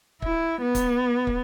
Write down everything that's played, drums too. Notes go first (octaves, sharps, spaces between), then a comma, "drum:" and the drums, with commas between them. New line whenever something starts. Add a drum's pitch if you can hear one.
E4, drum: kick
B3
drum: kick, hi-hat
drum: kick